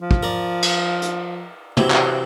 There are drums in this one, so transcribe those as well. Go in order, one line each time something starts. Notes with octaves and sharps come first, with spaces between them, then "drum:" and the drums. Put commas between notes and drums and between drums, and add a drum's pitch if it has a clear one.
F3
drum: kick
A#4 D5
drum: cymbal
drum: hi-hat
C3 E3 F#3, drum: tom
drum: clap